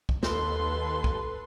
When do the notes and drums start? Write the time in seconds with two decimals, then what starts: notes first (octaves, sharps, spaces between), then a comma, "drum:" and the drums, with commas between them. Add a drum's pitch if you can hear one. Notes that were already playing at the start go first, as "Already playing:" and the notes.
0.09 drum: kick B1
0.23 D#2 A4 B4 C6, drum: snare
1.04 drum: kick B1